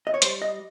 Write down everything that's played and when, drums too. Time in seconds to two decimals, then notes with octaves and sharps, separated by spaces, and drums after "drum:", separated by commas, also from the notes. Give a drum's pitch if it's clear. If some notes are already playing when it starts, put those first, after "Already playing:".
0.07 D#5
0.14 C#5
0.22 G3 C5, drum: hi-hat
0.42 D#5